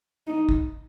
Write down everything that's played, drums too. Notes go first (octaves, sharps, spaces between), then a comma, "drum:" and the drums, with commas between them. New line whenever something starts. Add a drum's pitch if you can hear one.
D#4
drum: kick